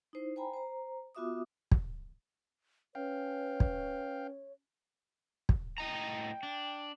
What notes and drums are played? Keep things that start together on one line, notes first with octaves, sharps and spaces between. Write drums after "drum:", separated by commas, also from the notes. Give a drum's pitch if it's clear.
D#4 E4 C5
C5 G5 G#5 A#5 B5
C5 A#5
B3 F4 F#4 E5 D6 D#6
drum: kick
C#4 B4 C#5 F5 G5
drum: kick
drum: kick
A2 D#5 G5 A#5
D4